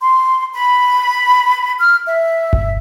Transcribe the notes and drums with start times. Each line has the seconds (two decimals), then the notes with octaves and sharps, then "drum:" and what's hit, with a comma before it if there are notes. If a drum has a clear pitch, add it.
0.02 C6
0.54 B5
1.79 F6
2.06 E5
2.53 drum: kick G1